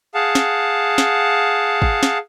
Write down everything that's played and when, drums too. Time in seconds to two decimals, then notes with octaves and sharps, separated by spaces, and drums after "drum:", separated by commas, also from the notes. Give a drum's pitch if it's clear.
0.14 G#4 F5 F#5 A5
0.35 drum: snare
0.98 drum: snare
1.82 drum: kick G#1
2.03 drum: snare